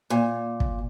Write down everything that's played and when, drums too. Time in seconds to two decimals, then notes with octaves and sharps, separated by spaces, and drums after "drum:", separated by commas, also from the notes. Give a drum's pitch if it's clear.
0.10 A#2
0.60 drum: kick